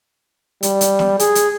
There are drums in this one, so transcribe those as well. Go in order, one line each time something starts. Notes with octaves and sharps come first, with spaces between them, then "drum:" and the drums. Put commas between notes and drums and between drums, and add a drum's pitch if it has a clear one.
G3, drum: hi-hat
drum: hi-hat
drum: snare
G#4, drum: hi-hat
drum: hi-hat